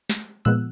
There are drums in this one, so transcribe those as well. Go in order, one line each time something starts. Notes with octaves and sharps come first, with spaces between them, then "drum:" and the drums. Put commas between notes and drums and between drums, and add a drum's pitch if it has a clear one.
drum: snare
A#2 F3 G#3 B3 E6 F#6